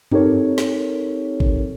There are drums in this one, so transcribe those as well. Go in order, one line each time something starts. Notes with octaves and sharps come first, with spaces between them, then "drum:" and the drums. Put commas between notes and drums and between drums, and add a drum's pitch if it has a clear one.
C4 D#4 G4 A4 A#4 C#5, drum: tom F#2
drum: snare
drum: kick G#1